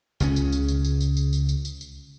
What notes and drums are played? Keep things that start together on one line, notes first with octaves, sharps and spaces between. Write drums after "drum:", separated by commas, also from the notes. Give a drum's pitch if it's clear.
C#2 C#3 C#4, drum: tambourine
drum: tambourine
drum: tambourine
drum: tambourine
drum: tambourine
drum: tambourine
drum: tambourine
drum: tambourine
drum: tambourine
drum: tambourine
drum: tambourine